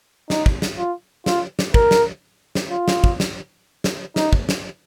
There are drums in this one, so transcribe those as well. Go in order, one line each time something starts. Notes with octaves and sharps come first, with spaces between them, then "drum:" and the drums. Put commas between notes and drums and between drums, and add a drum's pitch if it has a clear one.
D#4, drum: snare
drum: kick
drum: snare
F4
F4, drum: snare
drum: snare
A#4, drum: kick
drum: snare
drum: snare
F4
drum: snare
drum: kick
drum: snare
drum: snare
D#4, drum: snare
drum: kick
drum: snare